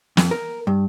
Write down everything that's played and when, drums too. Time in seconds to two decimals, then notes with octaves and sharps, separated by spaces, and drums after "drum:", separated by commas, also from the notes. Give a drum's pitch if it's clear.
0.17 F2, drum: snare
0.31 A#4
0.67 G2